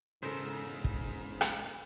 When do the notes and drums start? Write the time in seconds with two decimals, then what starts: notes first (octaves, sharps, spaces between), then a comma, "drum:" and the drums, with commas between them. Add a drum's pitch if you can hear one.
0.22 E1 G#2 C#3 A4 A#4 C5
0.84 drum: kick
1.41 drum: rim click